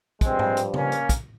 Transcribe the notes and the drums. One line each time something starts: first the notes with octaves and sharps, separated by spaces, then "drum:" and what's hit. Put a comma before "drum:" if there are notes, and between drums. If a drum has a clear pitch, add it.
G2 F3 G#3 C4, drum: kick, hi-hat
drum: tom G#2
drum: hi-hat
A#3 C#4, drum: tom C#3
drum: hi-hat
drum: kick, hi-hat